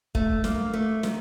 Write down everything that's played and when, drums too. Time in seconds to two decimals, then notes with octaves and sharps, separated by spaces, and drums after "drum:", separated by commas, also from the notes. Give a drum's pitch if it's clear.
0.15 A3, drum: kick
0.44 A#3, drum: snare
0.74 A3
1.03 D#3, drum: snare